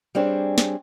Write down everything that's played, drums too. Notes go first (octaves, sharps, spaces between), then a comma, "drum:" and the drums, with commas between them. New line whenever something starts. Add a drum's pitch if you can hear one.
G3 C4 D4 G#4 C#5
drum: snare